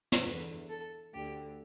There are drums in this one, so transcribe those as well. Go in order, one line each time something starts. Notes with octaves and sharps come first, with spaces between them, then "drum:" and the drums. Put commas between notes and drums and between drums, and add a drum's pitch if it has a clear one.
drum: snare
E2 D3 B4
A4
D2 D3 G4